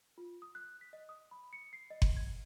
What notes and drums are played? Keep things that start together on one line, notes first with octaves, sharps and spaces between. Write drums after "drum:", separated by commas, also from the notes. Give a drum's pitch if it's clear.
F4
D#6
F#6
B6
D#5
D#6
B5
C#7
C7
D#5
drum: kick F#1
G#6